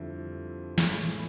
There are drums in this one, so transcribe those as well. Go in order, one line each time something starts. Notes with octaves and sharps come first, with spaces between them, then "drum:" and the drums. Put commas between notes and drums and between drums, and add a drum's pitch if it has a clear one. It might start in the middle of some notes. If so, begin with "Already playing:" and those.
Already playing: F2 D3 G3 C4 E4
A2 E3 G#3 B3, drum: snare